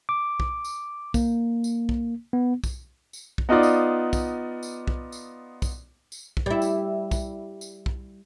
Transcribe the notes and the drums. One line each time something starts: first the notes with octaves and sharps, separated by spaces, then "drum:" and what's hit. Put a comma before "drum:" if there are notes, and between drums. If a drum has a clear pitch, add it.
D6
drum: kick
drum: tambourine
A#3, drum: kick, tambourine
drum: tambourine
drum: kick
B3
drum: kick, tambourine
drum: tambourine
drum: kick
B3 D#4 F4 D5
drum: tambourine
drum: kick, tambourine
drum: tambourine
drum: kick
drum: tambourine
drum: kick, tambourine
drum: tambourine
drum: kick
G3 E4
drum: tambourine
drum: kick, tambourine
drum: tambourine
drum: kick